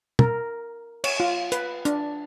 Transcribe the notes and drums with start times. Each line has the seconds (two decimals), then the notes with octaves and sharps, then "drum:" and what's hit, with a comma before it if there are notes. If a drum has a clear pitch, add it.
0.19 A#4, drum: tom
1.04 C#5, drum: cymbal
1.20 F4
1.52 B4, drum: hi-hat
1.85 D4, drum: hi-hat